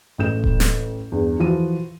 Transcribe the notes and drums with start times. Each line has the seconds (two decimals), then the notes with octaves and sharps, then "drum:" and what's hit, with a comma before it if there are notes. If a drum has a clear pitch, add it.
0.18 A1 A3 G6 E7
0.44 drum: kick D#1
0.60 drum: snare
1.12 E2 G2
1.40 E3 F3 F#4 D#7